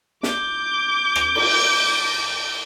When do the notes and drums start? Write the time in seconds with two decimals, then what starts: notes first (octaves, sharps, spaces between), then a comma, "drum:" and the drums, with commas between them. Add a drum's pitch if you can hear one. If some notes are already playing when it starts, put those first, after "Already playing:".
0.23 D6 G6, drum: snare
1.16 drum: rim click
1.35 drum: cymbal